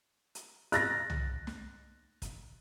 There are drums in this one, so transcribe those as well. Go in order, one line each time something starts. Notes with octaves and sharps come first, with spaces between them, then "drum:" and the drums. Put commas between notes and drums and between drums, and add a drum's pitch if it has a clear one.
drum: hi-hat
F#6 A6 A#6, drum: hi-hat
drum: tom C2
drum: snare
drum: kick, hi-hat